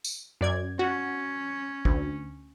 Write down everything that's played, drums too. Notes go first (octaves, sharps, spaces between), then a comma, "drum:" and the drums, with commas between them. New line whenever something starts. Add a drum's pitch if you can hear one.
drum: tambourine
F#2 D5 G#6
C#4 F#4
D2, drum: kick